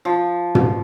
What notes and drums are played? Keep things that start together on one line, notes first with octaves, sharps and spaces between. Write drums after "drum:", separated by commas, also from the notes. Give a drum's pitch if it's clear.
F3
drum: tom